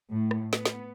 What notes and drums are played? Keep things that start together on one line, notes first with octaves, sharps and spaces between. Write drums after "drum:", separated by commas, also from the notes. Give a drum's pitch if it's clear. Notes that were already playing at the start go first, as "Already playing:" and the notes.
A2
drum: rim click
B3, drum: snare
drum: snare